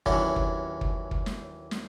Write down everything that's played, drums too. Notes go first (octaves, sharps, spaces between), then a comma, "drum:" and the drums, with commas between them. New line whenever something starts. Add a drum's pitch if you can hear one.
D#2 A2 E3 F#3 C#4 D4, drum: kick
drum: kick
drum: kick
drum: kick
drum: snare
drum: snare